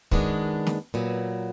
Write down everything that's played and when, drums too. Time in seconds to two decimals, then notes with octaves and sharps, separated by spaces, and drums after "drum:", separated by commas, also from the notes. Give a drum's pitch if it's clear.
0.11 F#2 D#3 G#3 B3 D4, drum: kick
0.67 drum: snare
0.94 A#2 F#3 B3